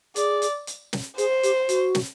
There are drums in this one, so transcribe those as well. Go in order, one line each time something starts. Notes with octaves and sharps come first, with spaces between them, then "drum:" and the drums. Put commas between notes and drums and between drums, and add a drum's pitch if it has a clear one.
G#4 D5, drum: hi-hat
drum: hi-hat
drum: hi-hat
drum: snare
G#4 C5, drum: hi-hat
G4, drum: hi-hat
F#4, drum: hi-hat
drum: snare